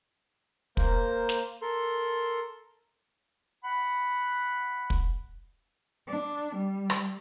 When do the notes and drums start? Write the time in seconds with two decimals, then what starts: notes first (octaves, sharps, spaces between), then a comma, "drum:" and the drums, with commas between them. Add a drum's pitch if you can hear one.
0.77 A#3 A#4 C5, drum: kick
1.29 drum: snare
1.62 A4 A#4 C6
3.64 F#5 B5
4.90 drum: kick
6.08 D4
6.56 G3
6.90 drum: rim click